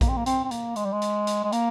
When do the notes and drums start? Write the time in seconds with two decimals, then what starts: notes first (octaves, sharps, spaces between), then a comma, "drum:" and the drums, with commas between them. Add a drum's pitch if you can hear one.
0.01 A#3, drum: kick A#1, hi-hat
0.09 C4
0.17 A#3
0.26 C4, drum: hi-hat
0.44 C4
0.51 A#3, drum: hi-hat
0.76 G#3, drum: hi-hat
0.85 G3
0.92 G#3
1.02 drum: hi-hat
1.27 drum: hi-hat
1.44 G#3
1.52 A#3, drum: hi-hat